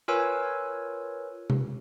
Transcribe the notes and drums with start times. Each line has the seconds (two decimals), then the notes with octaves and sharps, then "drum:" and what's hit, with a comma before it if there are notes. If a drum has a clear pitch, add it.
0.08 F4 A#4 B4 C#5 G#5 E6
1.50 drum: tom C3